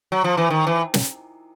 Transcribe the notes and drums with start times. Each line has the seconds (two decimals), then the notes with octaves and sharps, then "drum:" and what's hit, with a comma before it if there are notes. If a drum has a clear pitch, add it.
0.12 F#3
0.24 F3
0.37 E3
0.50 D#3
0.67 E3
0.94 drum: snare